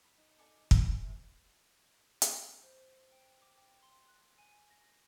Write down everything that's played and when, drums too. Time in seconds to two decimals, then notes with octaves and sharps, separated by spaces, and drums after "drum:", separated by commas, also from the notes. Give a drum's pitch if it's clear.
0.04 B5
0.17 D#4
0.38 A4 D5 G#5
0.71 G#4 C5, drum: kick
1.02 C3
2.22 drum: hi-hat
2.38 F6
2.63 C5
3.12 G5
3.42 D6
3.57 G5
3.82 C6
4.08 F#6
4.38 G#5
4.70 A#6